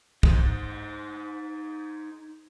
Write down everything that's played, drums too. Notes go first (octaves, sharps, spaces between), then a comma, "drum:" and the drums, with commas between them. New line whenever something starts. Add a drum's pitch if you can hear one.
D#4 C5, drum: kick